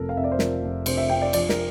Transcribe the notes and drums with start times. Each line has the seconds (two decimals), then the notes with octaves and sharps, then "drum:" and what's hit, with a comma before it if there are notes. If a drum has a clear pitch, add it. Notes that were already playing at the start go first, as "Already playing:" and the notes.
Already playing: F1 C3 F3 A4 A#4
0.09 F5
0.16 F2 E5
0.24 D5
0.32 C5
0.39 F3 A#4, drum: snare
0.62 F1
0.86 C3 C5, drum: cymbal
0.97 E5
1.09 F2 G5
1.22 D5
1.33 F3 D5, drum: cymbal
1.49 A#4, drum: snare